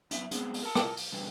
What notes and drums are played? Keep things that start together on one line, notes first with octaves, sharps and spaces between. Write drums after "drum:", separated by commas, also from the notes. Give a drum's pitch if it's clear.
F#2 B3 E5, drum: hi-hat
G#3 B3 C4, drum: hi-hat
drum: open hi-hat
A#4 A5
drum: rim click
drum: open hi-hat
B2 D3 E3 G3 A3